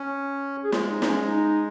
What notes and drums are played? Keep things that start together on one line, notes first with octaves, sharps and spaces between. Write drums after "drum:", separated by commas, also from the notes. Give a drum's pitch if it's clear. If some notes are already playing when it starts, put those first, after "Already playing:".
Already playing: C#4
G#4
G#3 F4, drum: snare
D#4
D#4, drum: snare
C#4
D#4